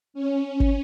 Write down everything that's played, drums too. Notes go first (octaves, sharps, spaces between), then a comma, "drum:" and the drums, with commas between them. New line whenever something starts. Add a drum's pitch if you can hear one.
C#4
drum: kick G1